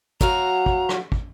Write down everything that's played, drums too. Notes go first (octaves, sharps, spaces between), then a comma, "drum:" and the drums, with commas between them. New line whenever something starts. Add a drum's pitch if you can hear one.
F#3 F#4 F5 A#5, drum: kick
drum: kick
drum: rim click
drum: kick